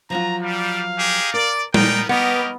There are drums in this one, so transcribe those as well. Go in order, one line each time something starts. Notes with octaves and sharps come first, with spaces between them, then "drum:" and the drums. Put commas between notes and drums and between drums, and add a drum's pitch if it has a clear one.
F3 F#3 F4 A#5
G3 F5
D#4 G4 G#4
A#4 D5
A#2 G#3 B3 D#4 A#4 D5 G5, drum: tom G3
B3 C#4 G4 A#4 B4 D#5